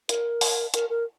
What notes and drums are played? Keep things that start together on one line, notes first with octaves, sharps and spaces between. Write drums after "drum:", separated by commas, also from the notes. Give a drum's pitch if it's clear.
A#4, drum: hi-hat
drum: open hi-hat
A#4, drum: hi-hat
A#4